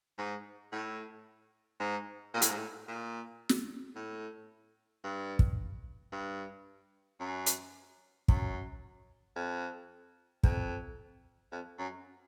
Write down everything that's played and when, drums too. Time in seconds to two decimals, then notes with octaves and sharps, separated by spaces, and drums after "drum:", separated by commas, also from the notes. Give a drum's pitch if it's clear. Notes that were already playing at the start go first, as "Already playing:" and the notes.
0.18 G#2
0.72 A2
1.80 G#2
2.34 A#2
2.42 A2, drum: hi-hat
2.49 G#2
2.57 A2
2.88 A#2
3.49 drum: snare
3.95 A2
5.04 G2
5.39 drum: kick
6.12 G2
7.20 F#2
7.46 drum: hi-hat
8.28 F#2, drum: kick
9.36 F2
10.43 F2, drum: kick
11.52 F2
11.79 F#2